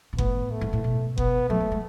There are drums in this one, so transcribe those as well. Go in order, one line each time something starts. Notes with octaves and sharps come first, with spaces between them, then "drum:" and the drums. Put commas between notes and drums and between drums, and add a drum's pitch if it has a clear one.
B2
A2 B3, drum: kick F#1
A3
G#2
A2
B2
B3, drum: kick F#1
F#3 A3
G#3
G#3